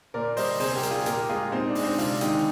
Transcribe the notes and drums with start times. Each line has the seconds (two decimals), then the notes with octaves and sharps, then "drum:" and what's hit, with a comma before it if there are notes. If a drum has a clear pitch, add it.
0.14 A#2 A#4 D5
0.37 G3 C5 D#5, drum: open hi-hat
0.60 C3 G#4 C5, drum: open hi-hat
0.75 G4 A#4
0.83 G3, drum: hi-hat
0.91 F4 G#4
1.06 A#2 G4 A#4, drum: hi-hat
1.29 G#3 F4 G#4
1.52 A#2 C4 D#4
1.68 D4
1.75 G#3, drum: open hi-hat
1.83 C4 D#4
1.98 C3 D4 F4, drum: open hi-hat
2.21 D#3 G#3 D#4 G4, drum: hi-hat